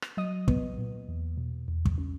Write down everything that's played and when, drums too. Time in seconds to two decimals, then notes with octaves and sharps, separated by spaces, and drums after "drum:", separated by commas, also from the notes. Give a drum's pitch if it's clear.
0.02 drum: rim click
0.17 F#3 D#5 D#6
0.48 B3, drum: kick
0.78 A#2
1.08 E2
1.37 B2
1.68 E2
1.85 drum: kick
1.98 C#3